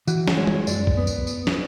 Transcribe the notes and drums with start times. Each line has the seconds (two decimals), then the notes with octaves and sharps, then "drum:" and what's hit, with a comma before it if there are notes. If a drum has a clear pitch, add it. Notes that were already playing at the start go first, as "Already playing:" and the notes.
0.08 E3 F#4, drum: tambourine
0.27 drum: snare
0.37 G#3 C#5
0.47 drum: tom
0.67 F#2 D5, drum: tambourine
0.87 drum: kick
0.97 B3
1.07 drum: tambourine
1.27 drum: tambourine
1.47 drum: snare